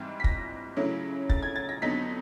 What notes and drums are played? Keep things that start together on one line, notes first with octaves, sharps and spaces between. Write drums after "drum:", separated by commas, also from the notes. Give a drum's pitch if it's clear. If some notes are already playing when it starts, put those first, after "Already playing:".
Already playing: G#2 E3 G3 C4
B6
A#6, drum: kick
C#3 F#3 A3 C#4 E4
A6, drum: kick
G#6
A6
A#6
F2 D3 F#3 B3 D#4 B6